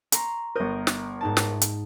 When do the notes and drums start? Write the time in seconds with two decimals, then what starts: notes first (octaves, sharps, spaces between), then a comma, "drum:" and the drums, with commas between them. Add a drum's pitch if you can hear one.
0.12 A#5 C6 C#6, drum: hi-hat
0.56 G1 A#4 D#6 G6 A#6
0.87 drum: snare
1.21 G#2 D#4 A5
1.37 drum: snare
1.61 drum: hi-hat